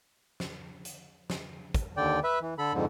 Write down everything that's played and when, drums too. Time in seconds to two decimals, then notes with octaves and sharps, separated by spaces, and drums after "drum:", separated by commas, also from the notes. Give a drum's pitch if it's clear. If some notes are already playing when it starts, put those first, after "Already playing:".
0.40 drum: snare
0.85 drum: hi-hat
1.30 drum: snare
1.74 drum: kick, hi-hat
1.97 D#2 D3 D5 G5
2.24 B4 E5
2.41 E3
2.58 D3 A4 B5
2.73 F2 G#2 D3